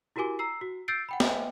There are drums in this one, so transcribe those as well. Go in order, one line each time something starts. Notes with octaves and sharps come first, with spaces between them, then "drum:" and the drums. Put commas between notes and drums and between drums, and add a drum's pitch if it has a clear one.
E4 F#4 G4 A#4 G#5 D6
A#5 E6 C7
F#4
E6 G6 A6 C7 D7
F#5 G5 B5
B4 D#5 E5 G5 G#5, drum: snare